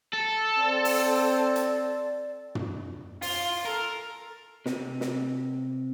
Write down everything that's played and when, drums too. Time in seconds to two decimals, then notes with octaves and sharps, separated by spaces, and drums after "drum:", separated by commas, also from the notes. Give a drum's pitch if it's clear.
0.14 A4
0.58 C4 D5
0.85 drum: open hi-hat
1.56 drum: hi-hat
2.55 drum: tom
3.22 F4 C6, drum: open hi-hat
3.66 A4 A#4
4.66 C3, drum: snare
5.01 drum: snare